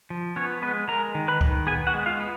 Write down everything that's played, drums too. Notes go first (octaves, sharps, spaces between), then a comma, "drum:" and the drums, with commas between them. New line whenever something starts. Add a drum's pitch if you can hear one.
F3
B3 C#4 C#5
G#3 B3 B4
G#3 A#4 A#5
D#3
B4 B5
D#3, drum: kick C#2
B3 G#4 G#5
F#4 F#5
G#3
F4 F5
B3